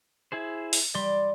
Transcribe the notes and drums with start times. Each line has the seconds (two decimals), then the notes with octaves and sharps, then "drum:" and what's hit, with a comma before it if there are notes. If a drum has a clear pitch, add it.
0.32 E4 G#4 C5
0.73 drum: open hi-hat
0.95 G3 D5 C6